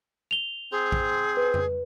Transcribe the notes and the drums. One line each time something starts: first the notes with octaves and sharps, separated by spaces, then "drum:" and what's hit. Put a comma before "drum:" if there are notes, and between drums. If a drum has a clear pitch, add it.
F7 G7
C4 G#4 C5
drum: kick
B4
drum: tom F2